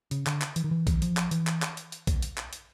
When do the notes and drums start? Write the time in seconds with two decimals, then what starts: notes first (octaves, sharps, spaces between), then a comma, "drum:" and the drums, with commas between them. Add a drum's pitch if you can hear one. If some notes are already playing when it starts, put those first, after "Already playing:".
0.11 C#3, drum: hi-hat
0.26 D3, drum: clap
0.42 drum: clap
0.56 E3, drum: hi-hat
0.64 D#3
0.71 E3
0.87 drum: kick, hi-hat
1.02 F3, drum: hi-hat
1.17 drum: clap
1.31 E3, drum: hi-hat
1.47 drum: clap
1.62 drum: clap
1.77 drum: hi-hat
1.92 drum: hi-hat
2.07 drum: kick, hi-hat
2.22 drum: hi-hat
2.38 drum: clap
2.53 drum: hi-hat